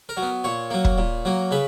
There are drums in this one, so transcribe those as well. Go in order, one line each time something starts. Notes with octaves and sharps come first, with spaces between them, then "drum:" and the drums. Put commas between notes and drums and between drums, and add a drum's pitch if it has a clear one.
A#4
F#3
B3
A#2 C#5
F#3 A#3
drum: kick
A#2
F#3 A#3
C#3 B4